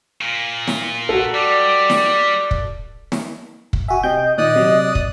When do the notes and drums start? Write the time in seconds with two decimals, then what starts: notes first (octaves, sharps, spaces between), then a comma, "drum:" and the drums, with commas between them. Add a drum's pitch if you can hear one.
0.21 A#2
0.68 drum: snare
1.09 F#4 A4
1.35 G3 D5
1.90 drum: snare
2.51 drum: kick
3.12 drum: snare
3.73 drum: kick
3.88 F#4 E5 G#5
4.03 C3 D#5 G5 G6
4.38 A#2 D#3 D5 D#5 D#6 F#6
4.56 C3 F#3
4.95 drum: kick